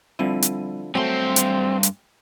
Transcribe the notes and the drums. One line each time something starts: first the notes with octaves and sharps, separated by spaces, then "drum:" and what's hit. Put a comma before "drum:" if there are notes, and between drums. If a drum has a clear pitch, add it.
D3 F3 G3 C4 E4 D#7
drum: hi-hat
G2 F#3 A3 C4 G5 G#5 C6
drum: hi-hat
drum: hi-hat